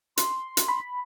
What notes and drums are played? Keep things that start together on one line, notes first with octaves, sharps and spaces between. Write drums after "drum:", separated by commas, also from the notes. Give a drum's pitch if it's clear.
C6, drum: hi-hat
drum: hi-hat
B5